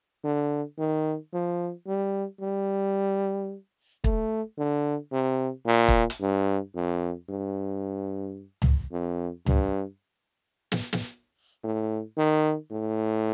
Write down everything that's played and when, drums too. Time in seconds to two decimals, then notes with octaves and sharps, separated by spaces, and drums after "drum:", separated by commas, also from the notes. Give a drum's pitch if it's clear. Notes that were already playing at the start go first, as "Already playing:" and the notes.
0.24 D3
0.78 D#3
1.33 F3
1.87 G3
2.41 G3
4.04 A3, drum: kick
4.58 D3
5.12 C3
5.66 A#2
5.88 drum: kick
6.10 drum: hi-hat
6.21 G2
6.75 F2
7.29 G2
8.62 drum: tom C#2
8.92 F2
9.46 G2, drum: tom C#2
10.72 drum: snare
10.93 drum: snare
11.63 A2
12.17 D#3
12.71 A2